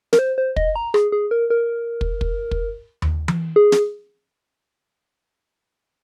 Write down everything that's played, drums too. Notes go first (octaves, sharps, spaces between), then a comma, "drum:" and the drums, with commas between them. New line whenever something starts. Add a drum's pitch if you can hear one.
A#4, drum: snare
C5
C5
D#5, drum: kick
A#5
G#4, drum: rim click
G#4
A#4
A#4
drum: kick
drum: kick
drum: kick
drum: tom D#2
drum: tom E3
G#4
drum: snare